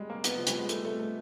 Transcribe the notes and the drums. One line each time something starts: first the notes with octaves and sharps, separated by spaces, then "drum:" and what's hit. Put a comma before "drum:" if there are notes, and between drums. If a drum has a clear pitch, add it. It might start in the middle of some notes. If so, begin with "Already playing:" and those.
Already playing: G3 G#3
A#3
B3, drum: hi-hat
F3
G3, drum: hi-hat
G#3
A3, drum: hi-hat
A3
A3